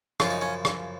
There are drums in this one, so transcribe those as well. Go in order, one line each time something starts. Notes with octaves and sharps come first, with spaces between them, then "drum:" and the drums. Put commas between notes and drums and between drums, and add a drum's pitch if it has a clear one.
F#2 C#3 F3 F4, drum: rim click
D#4
C#4
drum: rim click